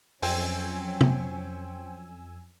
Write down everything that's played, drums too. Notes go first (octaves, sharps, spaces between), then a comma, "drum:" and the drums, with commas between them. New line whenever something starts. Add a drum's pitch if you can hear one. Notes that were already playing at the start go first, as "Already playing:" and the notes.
F2 F#3 C#4 C5 G5 G#5 E6, drum: open hi-hat
drum: tom C3